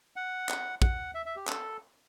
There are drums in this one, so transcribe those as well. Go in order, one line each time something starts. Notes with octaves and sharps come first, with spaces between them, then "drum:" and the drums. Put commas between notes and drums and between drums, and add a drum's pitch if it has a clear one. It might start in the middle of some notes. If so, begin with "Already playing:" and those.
F#5
drum: clap
F#5, drum: kick
E5
E5
G4
A4, drum: clap